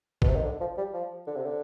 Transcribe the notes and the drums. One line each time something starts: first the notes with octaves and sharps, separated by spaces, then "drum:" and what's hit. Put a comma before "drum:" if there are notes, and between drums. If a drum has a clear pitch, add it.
B2, drum: kick
C3
D#3
D3
F3
G3
F3
D3
C3
D3